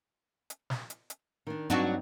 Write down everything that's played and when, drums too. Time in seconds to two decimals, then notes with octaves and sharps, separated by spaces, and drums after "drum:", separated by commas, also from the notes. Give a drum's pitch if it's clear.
0.50 drum: hi-hat
0.70 drum: snare
0.90 drum: hi-hat
1.10 drum: hi-hat
1.47 D#3 D4
1.70 G2 F#3 C4 D4 D#4 F#4, drum: hi-hat